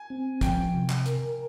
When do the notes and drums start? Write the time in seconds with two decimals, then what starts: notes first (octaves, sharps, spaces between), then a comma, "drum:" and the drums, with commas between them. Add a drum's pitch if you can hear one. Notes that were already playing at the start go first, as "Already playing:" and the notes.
Already playing: G#5
0.10 C4
0.41 F3 G5, drum: kick, hi-hat
0.74 C3
0.90 drum: clap
1.06 A#4, drum: hi-hat